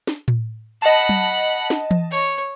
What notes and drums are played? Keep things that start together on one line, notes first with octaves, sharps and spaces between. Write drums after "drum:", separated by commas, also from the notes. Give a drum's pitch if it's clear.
drum: snare
drum: tom A2
D#5 F#5 A5 B5
drum: tom F#3
drum: snare
drum: tom E3
C#5